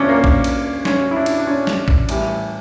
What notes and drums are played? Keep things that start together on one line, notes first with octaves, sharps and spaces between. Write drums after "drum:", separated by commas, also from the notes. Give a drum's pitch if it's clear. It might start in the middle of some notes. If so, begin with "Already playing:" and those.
Already playing: D2 D3 F3 C#4 D4
A#3
drum: kick
drum: cymbal
C#4, drum: snare
E4
D4
drum: cymbal
D4
C#4
drum: snare
drum: kick
A2 E3 G3, drum: cymbal